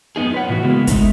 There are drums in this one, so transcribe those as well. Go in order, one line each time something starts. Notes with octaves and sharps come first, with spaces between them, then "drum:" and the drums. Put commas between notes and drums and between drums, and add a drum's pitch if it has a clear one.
F#2 B3 D#4 G#4
F4 B4 C#5 F#5
A2 C#3 E3 F#4
C#3 E3 G#3 A#3 B3
G#3 A3 D#4, drum: kick, hi-hat